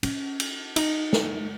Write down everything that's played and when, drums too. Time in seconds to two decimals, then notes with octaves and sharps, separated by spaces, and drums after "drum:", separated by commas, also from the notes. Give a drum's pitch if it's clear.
0.03 C#4, drum: cymbal
0.40 drum: cymbal
0.76 D#4, drum: cymbal
1.13 drum: snare